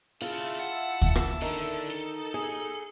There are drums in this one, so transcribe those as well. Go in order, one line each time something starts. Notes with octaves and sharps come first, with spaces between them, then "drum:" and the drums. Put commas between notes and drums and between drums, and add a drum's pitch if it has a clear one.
E4 F4 G#4 F5 A5 E6
F#5
drum: kick
drum: rim click
D3 D#3 A4
D#4 A4
G#4